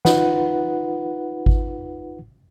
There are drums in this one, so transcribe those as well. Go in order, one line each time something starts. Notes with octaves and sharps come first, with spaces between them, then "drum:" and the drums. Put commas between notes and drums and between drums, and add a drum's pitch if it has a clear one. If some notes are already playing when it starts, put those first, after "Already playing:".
D#4 F4 B4 F#5, drum: snare
drum: kick G#1